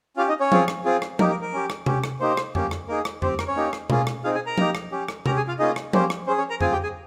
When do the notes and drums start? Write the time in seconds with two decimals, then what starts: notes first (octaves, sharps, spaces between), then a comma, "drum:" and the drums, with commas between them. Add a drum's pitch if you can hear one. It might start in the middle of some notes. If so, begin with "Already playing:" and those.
0.17 C#4 F4 G4 F5
0.28 D#4 D#5
0.40 C#4 C#5
0.52 C4 F4 G#4, drum: tom F3
0.68 drum: rim click
0.85 C4 F4 G#4
1.02 drum: rim click
1.19 A#3 D#4 G4 A#4, drum: tom F3
1.31 A#4
1.41 A#4
1.53 C#4 G4
1.70 drum: rim click
1.86 C#4 G4, drum: tom C3
2.04 drum: rim click
2.20 A#3 D#4 G4 C5
2.37 drum: rim click
2.55 A#3 C#4 G4, drum: tom F2
2.71 drum: rim click
2.88 A#3 D#4 G#4 A#4
3.05 drum: rim click
3.22 C4 G4 C5, drum: tom F2
3.39 A#4, drum: rim click
3.48 C#4 C#5
3.56 A#3 D#4 G4
3.73 drum: rim click
3.90 A#3 C#4 F4 G#4, drum: tom B2
4.07 drum: rim click
4.24 C4 D#4 F4 G#4 F5
4.35 G#4 G#5
4.46 A#4 A#5
4.58 A#3 D#4 G4, drum: tom F3
4.75 drum: rim click
4.92 C#4 G4
5.08 drum: rim click
5.26 C#4 G4 A#4 A#5, drum: tom C3
5.36 G#4 G#5
5.48 F4 F5
5.59 A#3 C#4 D#4 F4 G#4 D#5
5.76 drum: rim click
5.93 A#3 C#4 G4 C5, drum: tom F3
6.10 drum: rim click
6.27 C#4 G#4 C5
6.38 C#4 C#5
6.50 A#4 A#5
6.61 C4 F4 G#4 G#5, drum: tom F2
6.72 G4 G5
6.83 G#4 G#5